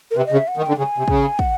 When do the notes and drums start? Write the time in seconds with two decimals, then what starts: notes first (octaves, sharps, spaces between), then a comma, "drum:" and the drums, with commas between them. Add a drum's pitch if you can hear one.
0.11 A#4
0.17 C3 B4
0.26 D#5
0.32 C#3
0.37 E5
0.48 F#5
0.57 D#3
0.63 G5
0.68 D3
0.78 C#3 G#5
0.98 C3
1.08 C#3, drum: kick
1.39 F#5, drum: kick